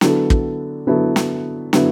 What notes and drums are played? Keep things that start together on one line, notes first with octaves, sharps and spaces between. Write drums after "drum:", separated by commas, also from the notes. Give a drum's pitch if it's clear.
D3 F#3 B3 E4 A4, drum: snare
drum: kick
D3 F#3 B3 E4 A4
drum: snare
D3 F#3 B3 E4, drum: snare